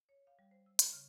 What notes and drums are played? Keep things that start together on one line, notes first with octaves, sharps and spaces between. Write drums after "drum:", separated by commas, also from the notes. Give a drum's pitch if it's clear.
C#5
F5
G3
C5
E6
C#6, drum: hi-hat
C#3